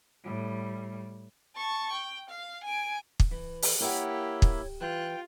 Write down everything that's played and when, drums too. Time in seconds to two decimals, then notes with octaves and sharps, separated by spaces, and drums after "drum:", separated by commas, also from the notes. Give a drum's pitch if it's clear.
0.24 A2 G3
1.56 A5 C#6
1.92 G5
2.29 F5
2.64 G#5 D7
3.20 drum: kick
3.31 E3
3.62 drum: open hi-hat
3.81 A#3 E4 G4 A#4 C#5 F#5
4.42 drum: kick
4.81 E3 F4 G5 F#6